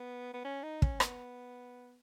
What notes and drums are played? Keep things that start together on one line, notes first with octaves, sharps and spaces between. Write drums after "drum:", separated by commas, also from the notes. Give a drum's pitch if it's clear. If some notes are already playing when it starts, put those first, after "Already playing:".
Already playing: B3
B3
C#4
D#4
C#4, drum: kick
B3, drum: rim click